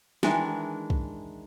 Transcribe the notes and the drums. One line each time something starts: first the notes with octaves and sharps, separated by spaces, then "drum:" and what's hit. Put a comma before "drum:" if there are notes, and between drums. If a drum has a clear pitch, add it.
D#3 E3 G#3 D4, drum: snare
drum: kick